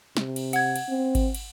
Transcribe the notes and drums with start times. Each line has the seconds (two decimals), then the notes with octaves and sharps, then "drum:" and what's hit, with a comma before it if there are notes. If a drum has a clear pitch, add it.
0.17 C3, drum: snare
0.36 drum: cymbal
0.53 F#5 G#6, drum: cymbal
0.76 drum: cymbal
0.89 C4
1.15 drum: kick G#1, cymbal
1.35 drum: cymbal